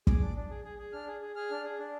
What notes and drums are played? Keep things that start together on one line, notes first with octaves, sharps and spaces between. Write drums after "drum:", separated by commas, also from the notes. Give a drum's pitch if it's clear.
G#4 D6, drum: kick
D4
D4
G#4
G#4
G#4
D4 F6
G#4
G#4
G#4 F6
D4
G#4
D4